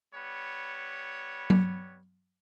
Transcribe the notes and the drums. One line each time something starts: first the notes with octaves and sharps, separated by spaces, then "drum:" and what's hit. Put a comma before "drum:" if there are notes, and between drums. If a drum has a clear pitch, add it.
G3 B3 C#5
drum: tom F#3